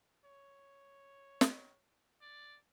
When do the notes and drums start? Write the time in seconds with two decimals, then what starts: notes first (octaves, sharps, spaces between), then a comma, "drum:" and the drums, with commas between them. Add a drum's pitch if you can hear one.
0.25 C#5
1.41 drum: snare
2.22 D5